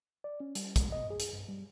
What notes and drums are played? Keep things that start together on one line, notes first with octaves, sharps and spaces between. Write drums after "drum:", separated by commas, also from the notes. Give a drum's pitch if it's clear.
D5
C#4
G3, drum: hi-hat
G#3, drum: kick, hi-hat
D#5
G#4
drum: hi-hat
G2
G3